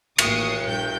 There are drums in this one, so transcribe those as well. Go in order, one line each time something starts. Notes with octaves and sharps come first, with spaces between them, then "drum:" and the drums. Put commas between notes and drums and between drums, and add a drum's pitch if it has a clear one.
A1 D#2 C#6 D#6 C7 C#7, drum: cymbal
A#1 G2 G5 G6